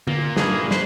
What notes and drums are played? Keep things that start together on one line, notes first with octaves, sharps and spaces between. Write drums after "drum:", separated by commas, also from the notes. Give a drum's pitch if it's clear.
A#2 A#3, drum: tom D3
G1 G2 G#4, drum: snare
B4 C5, drum: snare